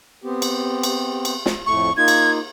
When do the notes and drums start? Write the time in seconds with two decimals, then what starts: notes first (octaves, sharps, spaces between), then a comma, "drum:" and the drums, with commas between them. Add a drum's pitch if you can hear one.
0.24 B3 C4 G4
0.42 drum: cymbal
0.83 drum: cymbal
1.25 drum: cymbal
1.46 drum: snare
1.66 F2 A2 A3 C#6
1.97 A#3 D#4 F4 G#6
2.08 drum: cymbal